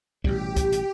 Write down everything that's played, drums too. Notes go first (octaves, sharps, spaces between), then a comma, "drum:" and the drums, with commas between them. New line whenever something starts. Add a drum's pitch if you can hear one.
A1 B2 G3 G4, drum: kick
drum: kick, hi-hat
drum: hi-hat